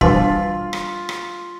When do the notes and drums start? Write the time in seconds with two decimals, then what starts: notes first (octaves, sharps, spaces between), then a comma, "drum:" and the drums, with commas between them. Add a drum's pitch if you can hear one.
0.01 B2 E3 F3 G3 D4 F4 A5, drum: kick
0.73 drum: rim click
1.09 drum: rim click